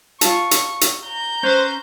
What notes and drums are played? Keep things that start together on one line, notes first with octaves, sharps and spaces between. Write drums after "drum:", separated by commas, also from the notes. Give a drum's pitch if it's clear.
F4 A5 C#6, drum: hi-hat
drum: hi-hat
drum: hi-hat
A#5 G6
C#4 B4 C5